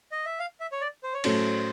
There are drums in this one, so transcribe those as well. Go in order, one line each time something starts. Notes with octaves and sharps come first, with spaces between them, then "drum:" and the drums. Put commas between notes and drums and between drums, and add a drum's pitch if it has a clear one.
D#5
E5
F5
E5
C#5
D5
C5
C#5
A2 F#3 A3 C#4 C5, drum: cymbal